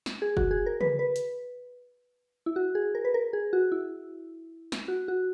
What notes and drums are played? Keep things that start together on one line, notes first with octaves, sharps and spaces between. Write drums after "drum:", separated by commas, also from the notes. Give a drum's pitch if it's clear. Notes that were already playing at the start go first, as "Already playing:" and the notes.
drum: snare
G#4
F#4, drum: kick F#1
G#4
A#4
B4, drum: tom C#3
B4
drum: hi-hat
E4
F#4
G#4
A#4
B4
A#4
G#4
F#4
E4
drum: snare
F#4
F#4